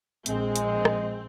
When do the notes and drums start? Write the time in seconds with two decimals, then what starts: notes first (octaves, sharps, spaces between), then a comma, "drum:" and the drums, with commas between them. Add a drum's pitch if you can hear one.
0.26 A#1 G#3 C4, drum: hi-hat
0.56 drum: hi-hat
0.85 drum: rim click